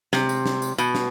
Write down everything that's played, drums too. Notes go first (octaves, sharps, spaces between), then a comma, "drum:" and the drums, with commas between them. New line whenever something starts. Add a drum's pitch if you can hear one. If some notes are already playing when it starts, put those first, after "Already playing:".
C3, drum: snare
drum: tambourine
drum: snare
drum: tambourine
B2, drum: tambourine
drum: snare